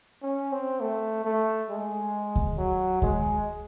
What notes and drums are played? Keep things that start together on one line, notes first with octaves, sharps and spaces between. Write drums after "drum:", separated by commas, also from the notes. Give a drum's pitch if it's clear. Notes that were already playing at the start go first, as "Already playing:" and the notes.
C#4
C4
A3
A3
G#3
drum: kick D2
F#3
G#3, drum: kick D2